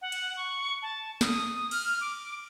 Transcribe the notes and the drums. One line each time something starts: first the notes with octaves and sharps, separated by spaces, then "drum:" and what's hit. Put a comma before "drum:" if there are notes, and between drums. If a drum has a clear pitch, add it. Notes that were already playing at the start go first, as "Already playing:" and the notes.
F#5
drum: cymbal
C#6
A5
D#6, drum: snare
F6, drum: cymbal
D6